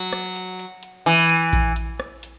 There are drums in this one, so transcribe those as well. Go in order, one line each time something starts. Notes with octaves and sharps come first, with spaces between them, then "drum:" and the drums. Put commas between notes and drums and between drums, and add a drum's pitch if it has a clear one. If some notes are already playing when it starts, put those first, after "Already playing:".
Already playing: F#3
drum: rim click
drum: hi-hat
drum: hi-hat
drum: hi-hat
E3, drum: hi-hat
drum: hi-hat
drum: kick A#1, hi-hat
drum: hi-hat
drum: rim click
drum: hi-hat